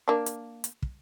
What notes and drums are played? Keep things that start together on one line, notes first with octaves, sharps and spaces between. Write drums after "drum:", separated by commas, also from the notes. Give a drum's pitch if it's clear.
A#3 D4
drum: hi-hat
drum: hi-hat
drum: kick